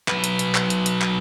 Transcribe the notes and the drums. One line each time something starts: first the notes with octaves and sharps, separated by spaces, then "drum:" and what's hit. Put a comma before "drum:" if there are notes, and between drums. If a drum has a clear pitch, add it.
F#3 B4, drum: clap
drum: hi-hat
drum: hi-hat
drum: clap
drum: hi-hat
drum: hi-hat
drum: clap